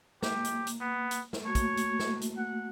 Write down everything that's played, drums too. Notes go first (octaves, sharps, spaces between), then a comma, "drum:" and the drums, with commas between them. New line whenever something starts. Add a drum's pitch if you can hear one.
A#3 G4, drum: snare
drum: hi-hat
drum: hi-hat
B3
drum: hi-hat
drum: snare
A3 A#3 F#4 C#5
drum: kick, hi-hat
drum: hi-hat
drum: snare
drum: hi-hat
F#5